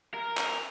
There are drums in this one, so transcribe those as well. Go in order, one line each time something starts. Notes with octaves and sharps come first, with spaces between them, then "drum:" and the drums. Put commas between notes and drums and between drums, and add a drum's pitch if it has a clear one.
A#4
drum: clap